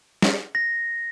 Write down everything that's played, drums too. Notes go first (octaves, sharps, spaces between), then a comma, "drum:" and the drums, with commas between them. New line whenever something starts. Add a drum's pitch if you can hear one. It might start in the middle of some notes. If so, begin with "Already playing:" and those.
drum: snare
A#6